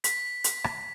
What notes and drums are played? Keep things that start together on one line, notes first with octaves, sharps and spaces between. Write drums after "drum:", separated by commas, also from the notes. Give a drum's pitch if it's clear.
B6, drum: hi-hat
drum: hi-hat
drum: rim click